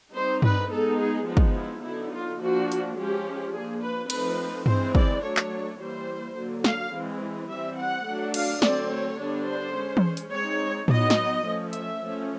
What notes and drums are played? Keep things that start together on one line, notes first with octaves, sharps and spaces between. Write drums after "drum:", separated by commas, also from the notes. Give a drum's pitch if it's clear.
G3 C4 D#4 C5
B4, drum: tom G2
G#3 B3 D#4 A4
G#4
F3 G#3 B3 D#4
drum: kick
E4
D3 F#3 B3 D#4 E4
F4
F3 A#3 D4 F#4
drum: hi-hat
F3 G#3 C#4 G4
F3 A#3 D4 G#4
B4
F3 A3 C4 D#4 B4, drum: cymbal
E3 G#3 C4 C5, drum: tom G2
D5, drum: kick
F#3 A3 D4 C#5
drum: clap
E3 G3 A#3 C5
D3 F#3 A#3
F5, drum: snare
E3 G#3 C4
E3 G3 C4 E5
F#5
F#3 A3 D4
F5, drum: cymbal
D3 F#3 A3 C4 D5, drum: snare
C#5
D3 G3 B3 D4
C5
G#3 C#4
drum: tom E3
drum: hi-hat
G#3 C4 D#4 C#5
F#3 B3 D#4 D#5, drum: tom A2
drum: snare
F3 A3 C#4
E5, drum: hi-hat
F3 A3 C#4